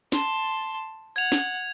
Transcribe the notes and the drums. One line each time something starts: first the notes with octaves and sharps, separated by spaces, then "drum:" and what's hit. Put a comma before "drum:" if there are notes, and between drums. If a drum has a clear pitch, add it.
A5 C6, drum: snare
F#5 G#6 F7
drum: snare